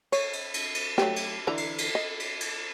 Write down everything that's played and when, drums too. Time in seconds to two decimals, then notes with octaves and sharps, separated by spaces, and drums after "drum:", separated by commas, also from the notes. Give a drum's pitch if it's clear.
0.12 C#5, drum: cymbal
0.33 drum: cymbal
0.54 drum: cymbal
0.75 drum: cymbal
0.98 F#3 A3 G4, drum: rim click
1.16 drum: cymbal
1.47 D3 E3 A#5
1.58 drum: cymbal
1.78 drum: cymbal
1.95 D#5
2.20 drum: cymbal
2.40 drum: cymbal